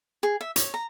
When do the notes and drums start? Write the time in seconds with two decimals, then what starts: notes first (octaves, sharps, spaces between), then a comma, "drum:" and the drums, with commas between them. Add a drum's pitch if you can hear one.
0.23 G#4
0.41 E5
0.56 C#5, drum: hi-hat
0.74 A#5